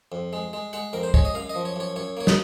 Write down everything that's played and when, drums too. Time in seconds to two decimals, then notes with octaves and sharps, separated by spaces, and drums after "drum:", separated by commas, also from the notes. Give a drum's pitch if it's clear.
0.12 F2
0.33 G#3
0.53 G#3
0.73 G#3 F#5
0.93 F2 A#4
1.03 C5
1.14 G#3 C#5, drum: kick
1.25 D#5
1.34 F#2 F5
1.49 D#5
1.55 F3
1.65 C#5
1.76 F#2 C#5
1.96 F#2 C#5
2.17 A#3 C#5
2.27 D#5, drum: snare